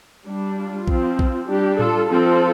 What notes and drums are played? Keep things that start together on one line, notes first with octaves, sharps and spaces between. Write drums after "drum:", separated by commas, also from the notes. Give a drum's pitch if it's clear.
G3 D4
F4
F3 C4, drum: kick
drum: kick
G3 D4 G4
F4 A4, drum: tom A2
F3 C4 F4 A4